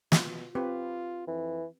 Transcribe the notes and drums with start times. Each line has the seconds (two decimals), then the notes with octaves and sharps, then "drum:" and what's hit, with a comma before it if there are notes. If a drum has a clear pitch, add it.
0.12 B2 F4, drum: snare
0.55 C4 F4 G4 B4
1.28 F2 E3